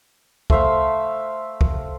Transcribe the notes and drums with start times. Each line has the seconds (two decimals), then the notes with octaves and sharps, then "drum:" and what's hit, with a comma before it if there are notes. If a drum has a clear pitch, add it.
0.50 A3 C5 E5 F5, drum: kick
1.61 drum: kick